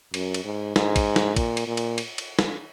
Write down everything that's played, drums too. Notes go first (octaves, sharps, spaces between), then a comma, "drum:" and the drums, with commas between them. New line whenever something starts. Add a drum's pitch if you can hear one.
F#2, drum: cymbal
drum: cymbal
G#2
G#2, drum: snare
drum: kick, cymbal
drum: snare
A#2, drum: kick, cymbal
drum: cymbal
A#2
drum: cymbal
drum: cymbal
drum: cymbal
drum: snare